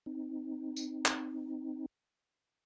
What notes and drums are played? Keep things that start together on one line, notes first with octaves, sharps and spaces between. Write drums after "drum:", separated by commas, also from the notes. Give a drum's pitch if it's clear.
C4 D#4
drum: tambourine
drum: clap